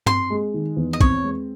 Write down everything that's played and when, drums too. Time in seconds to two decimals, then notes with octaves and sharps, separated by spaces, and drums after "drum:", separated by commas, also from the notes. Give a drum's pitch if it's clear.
0.06 C4 C6, drum: tom G2
0.30 G#3
0.54 D#3
0.77 E2
0.93 D#5
1.01 C4 C#5, drum: kick
1.24 G#3